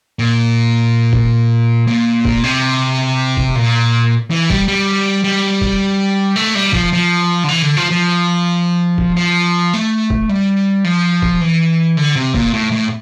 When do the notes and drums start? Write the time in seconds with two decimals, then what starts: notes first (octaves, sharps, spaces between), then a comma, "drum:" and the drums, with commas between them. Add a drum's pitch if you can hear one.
0.19 A#2
1.13 drum: kick
1.87 A#2
2.25 drum: kick
2.44 C3
3.37 drum: kick
3.55 A#2
4.31 E3
4.50 G3, drum: kick
4.68 G3
5.24 G3
5.62 drum: kick
6.36 A3
6.55 G3
6.73 F3, drum: kick
6.93 F3
7.44 D3
7.48 E3
7.62 D3
7.77 F3
7.91 F3
8.98 drum: kick
9.16 F3
9.73 A3
10.10 drum: kick
10.29 G3
10.84 F3
11.22 drum: kick
11.41 E3
11.97 D3
12.16 C3
12.34 A#2, drum: kick
12.53 A2
12.72 A2